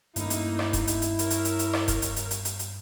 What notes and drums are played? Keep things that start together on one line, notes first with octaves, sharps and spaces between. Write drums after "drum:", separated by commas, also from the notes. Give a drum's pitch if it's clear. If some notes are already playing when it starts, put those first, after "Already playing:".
G2 A3 A#3 C#4 D#4 E4, drum: hi-hat
drum: hi-hat
drum: rim click
drum: kick E1, hi-hat
drum: hi-hat
drum: hi-hat
A#4 C#5, drum: hi-hat
drum: hi-hat
drum: hi-hat
drum: hi-hat
drum: rim click
drum: kick E1, hi-hat
drum: hi-hat
drum: hi-hat
drum: hi-hat
drum: hi-hat
drum: hi-hat